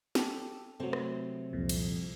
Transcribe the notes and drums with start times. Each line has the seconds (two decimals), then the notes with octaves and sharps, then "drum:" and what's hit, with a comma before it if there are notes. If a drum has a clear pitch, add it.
0.15 G4 A4, drum: snare
0.80 C3 F#3 A3 C4
0.93 drum: rim click
1.53 C2 F2 A#2
1.69 drum: cymbal